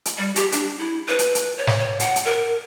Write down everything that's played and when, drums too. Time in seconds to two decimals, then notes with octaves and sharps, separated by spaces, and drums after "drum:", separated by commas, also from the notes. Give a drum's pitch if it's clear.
0.05 drum: hi-hat
0.18 G3
0.36 G4, drum: hi-hat
0.52 D4, drum: hi-hat
0.79 E4
1.08 B4
1.19 drum: hi-hat
1.35 drum: hi-hat
1.58 C#5
1.67 drum: snare
1.78 C#5
2.00 F#5, drum: hi-hat
2.16 drum: hi-hat
2.25 A#4